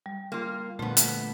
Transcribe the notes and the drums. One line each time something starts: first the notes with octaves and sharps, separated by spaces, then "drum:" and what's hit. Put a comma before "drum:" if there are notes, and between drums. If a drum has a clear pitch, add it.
G3
A#3 F4
A#2 D3 F3 A3 B3 D4
drum: hi-hat